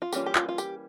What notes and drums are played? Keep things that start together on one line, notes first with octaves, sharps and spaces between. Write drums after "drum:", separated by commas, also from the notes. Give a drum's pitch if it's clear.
F4
E3 G3 A#3 C#4 F4 G4, drum: tambourine
G4
F4, drum: clap
F4
G4, drum: tambourine